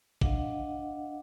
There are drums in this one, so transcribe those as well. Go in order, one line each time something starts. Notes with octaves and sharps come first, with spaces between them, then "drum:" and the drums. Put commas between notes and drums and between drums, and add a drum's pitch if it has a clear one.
D4 D#5 F5 F#5, drum: kick